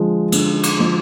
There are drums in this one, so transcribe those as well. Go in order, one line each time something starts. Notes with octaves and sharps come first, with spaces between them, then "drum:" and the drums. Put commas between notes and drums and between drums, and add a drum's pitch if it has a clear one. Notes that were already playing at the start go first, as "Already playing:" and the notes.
Already playing: D3 F3 G#3
D3, drum: cymbal
drum: cymbal
F3 G#3